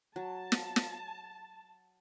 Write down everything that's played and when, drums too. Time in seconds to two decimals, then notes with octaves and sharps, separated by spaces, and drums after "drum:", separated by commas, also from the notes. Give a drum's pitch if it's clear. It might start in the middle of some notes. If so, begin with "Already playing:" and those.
0.16 F#3 A5
0.52 drum: snare
0.76 drum: snare